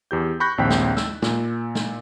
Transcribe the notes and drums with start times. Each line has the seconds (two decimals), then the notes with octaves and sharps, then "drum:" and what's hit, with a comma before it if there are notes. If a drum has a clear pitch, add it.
0.11 E2 G4 G6
0.40 B5 C#6 F#6 G6 A#6
0.58 A#1 D#2 C4 G5 B6
0.70 drum: snare
0.97 E6, drum: snare
1.22 A#2, drum: snare
1.75 drum: snare